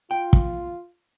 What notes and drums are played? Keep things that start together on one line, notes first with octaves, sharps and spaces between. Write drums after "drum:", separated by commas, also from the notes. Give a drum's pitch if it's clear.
F4 G5
drum: kick